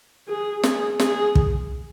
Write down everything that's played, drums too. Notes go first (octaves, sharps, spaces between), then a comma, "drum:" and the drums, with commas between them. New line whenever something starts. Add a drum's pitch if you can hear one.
G#4
G#4, drum: snare
G#4, drum: snare
drum: kick